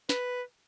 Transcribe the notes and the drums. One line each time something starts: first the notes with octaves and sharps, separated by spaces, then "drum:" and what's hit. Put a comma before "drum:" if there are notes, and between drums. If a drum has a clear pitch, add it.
B4, drum: snare